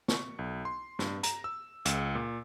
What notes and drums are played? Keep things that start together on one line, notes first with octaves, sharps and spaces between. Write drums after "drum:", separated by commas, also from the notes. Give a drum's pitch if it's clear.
C#6, drum: snare
B1
C6
G2, drum: snare
A#5, drum: hi-hat
E6
C#2, drum: hi-hat
A#2